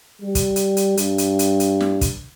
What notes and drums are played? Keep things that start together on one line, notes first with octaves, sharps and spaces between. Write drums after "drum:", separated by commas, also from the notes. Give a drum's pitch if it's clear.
G3
drum: kick, hi-hat
drum: hi-hat
drum: hi-hat
G2, drum: hi-hat
drum: hi-hat
drum: hi-hat
drum: hi-hat
drum: snare
drum: kick, hi-hat